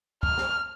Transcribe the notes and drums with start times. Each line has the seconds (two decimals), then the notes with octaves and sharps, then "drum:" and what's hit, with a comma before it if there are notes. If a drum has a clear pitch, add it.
0.23 F6, drum: kick
0.38 drum: snare